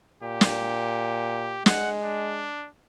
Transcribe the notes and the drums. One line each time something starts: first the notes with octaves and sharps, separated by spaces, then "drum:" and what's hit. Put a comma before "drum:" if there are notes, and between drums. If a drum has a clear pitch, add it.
A#2 G4
drum: snare
G#3 F#5, drum: snare
D4